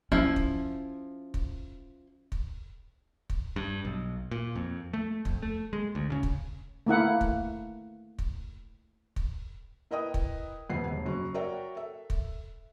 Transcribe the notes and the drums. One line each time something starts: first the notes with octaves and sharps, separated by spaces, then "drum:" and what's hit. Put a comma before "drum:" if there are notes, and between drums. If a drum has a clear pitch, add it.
F3 C#4 E4
drum: kick
drum: kick
drum: kick
drum: kick
G2
B1
A#2
F2
A3
F2, drum: kick
A3
G#3
D2
C#3
drum: kick
A3 A#3 E4 F#5
drum: kick
drum: kick
drum: kick
E4 A#4 B4 D#5 G5 D#6
drum: kick
D#1 F2 B4 F#5 C7
E1
F#1 F#3
F#4 A#4 C#5 D5 E5 G5
A4 E5
drum: kick